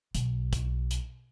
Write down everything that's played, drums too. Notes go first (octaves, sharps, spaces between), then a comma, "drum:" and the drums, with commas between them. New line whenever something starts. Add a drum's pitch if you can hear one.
B1, drum: hi-hat
drum: kick, hi-hat
drum: hi-hat